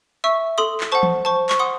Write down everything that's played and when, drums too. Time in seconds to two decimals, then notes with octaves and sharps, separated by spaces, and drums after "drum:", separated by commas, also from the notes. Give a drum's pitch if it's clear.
0.24 E5 C#6 E6
0.58 A4 C6 D#6
0.80 drum: clap
0.92 C5 F#5 A5 C#6
1.03 drum: tom E3
1.25 C5 A5 C#6
1.49 C#6, drum: clap
1.59 F#5 C6 D#6